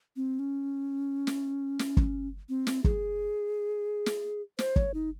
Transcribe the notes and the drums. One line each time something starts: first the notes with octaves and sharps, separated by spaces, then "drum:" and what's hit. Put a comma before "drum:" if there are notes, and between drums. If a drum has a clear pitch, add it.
C4
C#4
drum: snare
drum: snare
drum: kick
C4
drum: snare
G#4, drum: kick
drum: snare
C5, drum: snare
C#5, drum: kick
D#4